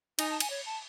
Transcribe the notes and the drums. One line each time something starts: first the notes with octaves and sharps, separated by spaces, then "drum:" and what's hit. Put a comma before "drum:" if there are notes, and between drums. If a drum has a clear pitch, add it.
D#4 G#5, drum: cymbal
A5
G#5, drum: cymbal
C#5
A5